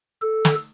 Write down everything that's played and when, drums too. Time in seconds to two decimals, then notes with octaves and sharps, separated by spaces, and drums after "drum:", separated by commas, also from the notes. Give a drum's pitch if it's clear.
0.22 A4
0.45 drum: snare